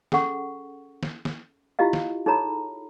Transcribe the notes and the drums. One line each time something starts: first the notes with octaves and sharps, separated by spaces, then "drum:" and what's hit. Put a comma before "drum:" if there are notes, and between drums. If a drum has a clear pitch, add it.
C#4 G#4 A4 F#5 C#6, drum: snare
drum: snare
drum: snare
E4 F4 G4 D#5 F5
drum: snare
D#4 G#4 A4 C#5 A#5 B5